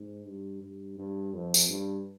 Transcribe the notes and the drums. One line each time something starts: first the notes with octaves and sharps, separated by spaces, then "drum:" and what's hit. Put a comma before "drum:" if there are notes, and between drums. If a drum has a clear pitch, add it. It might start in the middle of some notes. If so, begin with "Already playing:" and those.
Already playing: G#2
G2
G2
G2
F2
drum: tambourine
G2